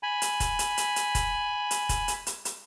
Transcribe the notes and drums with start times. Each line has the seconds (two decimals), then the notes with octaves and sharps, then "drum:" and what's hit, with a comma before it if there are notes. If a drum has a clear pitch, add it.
0.03 G#5 B5
0.22 drum: hi-hat
0.40 drum: kick, hi-hat
0.59 drum: hi-hat
0.77 drum: hi-hat
0.96 drum: hi-hat
1.15 drum: kick, hi-hat
1.71 drum: hi-hat
1.89 drum: kick, hi-hat
2.08 drum: hi-hat
2.27 drum: hi-hat
2.45 drum: hi-hat